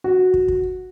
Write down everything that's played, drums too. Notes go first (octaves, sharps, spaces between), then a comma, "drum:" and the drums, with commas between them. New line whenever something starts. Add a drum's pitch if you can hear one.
F#4
drum: kick
drum: kick